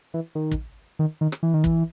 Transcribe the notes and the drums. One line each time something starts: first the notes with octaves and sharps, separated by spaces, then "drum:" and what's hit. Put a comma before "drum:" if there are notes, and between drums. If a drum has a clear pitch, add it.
E3
D#3
drum: kick
D#3
D#3
drum: rim click
E3
D#3
E3, drum: kick